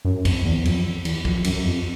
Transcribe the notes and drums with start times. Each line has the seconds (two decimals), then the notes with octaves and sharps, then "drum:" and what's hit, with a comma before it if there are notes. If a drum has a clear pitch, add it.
0.05 F#2
0.25 F2, drum: kick, cymbal
0.45 E2
0.65 F2, drum: cymbal
1.05 E2, drum: cymbal
1.25 F2, drum: kick
1.44 F#2, drum: cymbal
1.65 F2